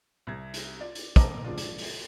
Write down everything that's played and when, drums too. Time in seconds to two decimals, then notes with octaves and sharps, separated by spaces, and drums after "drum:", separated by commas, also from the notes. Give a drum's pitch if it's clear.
0.27 C2 C3 G#6
0.54 drum: hi-hat
0.79 F4 D5
0.95 drum: hi-hat
1.16 A#4 C5 D#5 A5 A#5 D6, drum: kick, hi-hat
1.44 F3 G#3 D4 F4
1.58 drum: hi-hat
1.78 drum: open hi-hat